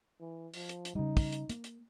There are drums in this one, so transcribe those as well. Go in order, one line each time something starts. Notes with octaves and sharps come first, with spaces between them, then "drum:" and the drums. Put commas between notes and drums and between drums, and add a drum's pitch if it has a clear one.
E3
F3, drum: open hi-hat
drum: hi-hat
drum: hi-hat
C#3 G3 D#4
drum: kick, open hi-hat
drum: hi-hat
A#3, drum: hi-hat
drum: hi-hat